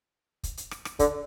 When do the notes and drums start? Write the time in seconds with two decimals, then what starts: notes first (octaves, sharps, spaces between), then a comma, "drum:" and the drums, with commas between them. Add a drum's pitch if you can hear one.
0.43 drum: kick, hi-hat
0.57 drum: hi-hat
0.71 drum: rim click
0.85 drum: rim click
0.99 D3, drum: kick, hi-hat